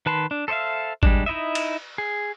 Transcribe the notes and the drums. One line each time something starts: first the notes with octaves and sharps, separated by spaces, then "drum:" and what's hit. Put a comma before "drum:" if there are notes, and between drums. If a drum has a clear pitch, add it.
D#3 B4 A5 B5 C6
D4
A4 C5 D5 E5 F5
G3 G#3 D4, drum: kick G#1
D#4 E4 D#5 E5
drum: cymbal
G#4